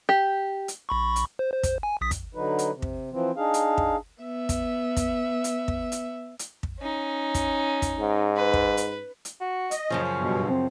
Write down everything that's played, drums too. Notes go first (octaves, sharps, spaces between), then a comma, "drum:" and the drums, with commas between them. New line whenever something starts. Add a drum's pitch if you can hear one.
G4
drum: hi-hat
A#1 B5 C#6
drum: hi-hat
C5
C5
drum: kick, hi-hat
G#5
A#1 D#6 B6
drum: kick, hi-hat
D3 F#3 D#4 B4
drum: hi-hat
C3
drum: kick
E3 F3 C4
D4 D#4 G#4 F5
drum: hi-hat
drum: kick
B3 E5
drum: kick, hi-hat
drum: kick, hi-hat
drum: hi-hat
drum: kick
drum: hi-hat
drum: hi-hat
drum: kick
C#4 D#4
drum: kick, hi-hat
drum: kick, hi-hat
G#2
B4
drum: kick
drum: hi-hat
drum: hi-hat
F#4
D#5, drum: hi-hat
F#2 C#3 F3 C#4
G2 B2
C4